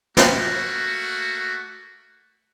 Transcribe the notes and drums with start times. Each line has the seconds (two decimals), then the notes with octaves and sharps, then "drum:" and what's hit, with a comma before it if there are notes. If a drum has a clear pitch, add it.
0.17 A3 A#3 F#4, drum: snare